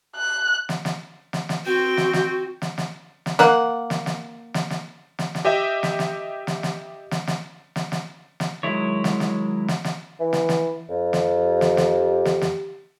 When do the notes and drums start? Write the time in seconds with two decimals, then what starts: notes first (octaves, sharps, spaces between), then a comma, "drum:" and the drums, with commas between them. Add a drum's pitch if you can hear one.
0.16 F#6
0.69 drum: snare
0.85 drum: snare
1.33 drum: snare
1.49 drum: snare
1.65 C4 F#4 G5
1.97 drum: snare
2.13 drum: snare
2.62 drum: snare
2.78 drum: snare
3.26 drum: snare
3.39 A#3 F#5, drum: snare
3.90 drum: snare
4.06 drum: snare
4.54 drum: snare
4.70 drum: snare
5.19 drum: snare
5.35 drum: snare
5.45 G4 D#5 E5 G5
5.83 drum: snare
5.99 drum: snare
6.47 drum: snare
6.63 drum: snare
7.11 drum: snare
7.27 drum: snare
7.76 drum: snare
7.92 drum: snare
8.40 drum: snare
8.63 D#3 F#3 G#3 E4 C#5
9.04 drum: snare
9.20 drum: snare
9.68 drum: snare
9.84 drum: snare
10.20 E3
10.33 drum: snare
10.49 drum: snare
10.89 F2
11.13 drum: snare
11.35 G4
11.61 drum: snare
11.77 drum: snare
12.25 drum: snare
12.41 drum: snare